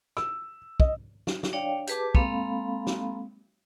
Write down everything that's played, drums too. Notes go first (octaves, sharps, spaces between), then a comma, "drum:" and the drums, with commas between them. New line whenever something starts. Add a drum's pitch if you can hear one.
E6, drum: rim click
D#5, drum: kick
drum: snare
drum: snare
D4 C#5 D5 F5 G5
G4 G#4 B4 A5 D6, drum: hi-hat
G#3 A#3 C4 A4 F5 B5, drum: kick
drum: snare